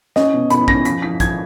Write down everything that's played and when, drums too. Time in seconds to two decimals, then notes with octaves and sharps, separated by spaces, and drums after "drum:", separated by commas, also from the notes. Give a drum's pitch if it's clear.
0.16 C#4 D#5, drum: snare
0.34 B2
0.50 B2 B5, drum: hi-hat
0.68 C#4 A#6, drum: kick
0.85 F3 B6, drum: hi-hat
1.02 F3 B6
1.20 F3 G#6, drum: kick, hi-hat